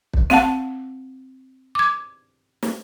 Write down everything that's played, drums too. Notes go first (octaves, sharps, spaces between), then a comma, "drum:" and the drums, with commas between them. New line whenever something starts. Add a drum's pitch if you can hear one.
drum: kick
C4 F5 F#5 A5, drum: snare
D6 G#6
drum: snare